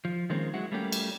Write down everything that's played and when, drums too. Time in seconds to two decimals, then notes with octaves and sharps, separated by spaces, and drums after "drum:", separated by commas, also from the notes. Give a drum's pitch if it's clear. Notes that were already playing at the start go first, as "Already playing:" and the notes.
0.05 F3
0.30 D#3 F3 G#3 A#3 C4 C#4
0.54 F#3 G#3 E4 F#4
0.72 G3 A3 A#3 C#4 F#4 G4
0.92 drum: cymbal